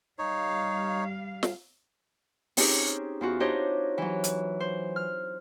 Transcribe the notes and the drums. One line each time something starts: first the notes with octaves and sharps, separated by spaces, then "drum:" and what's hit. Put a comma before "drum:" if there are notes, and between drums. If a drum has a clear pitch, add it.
G3 D#4 C#5 F5
drum: snare
C4 C#4 D#4 G4 G#4, drum: open hi-hat
E2 F4 F#4
D4 D#4 G4 C5 C#5 D#5
E3 F#3
drum: hi-hat
C5
F6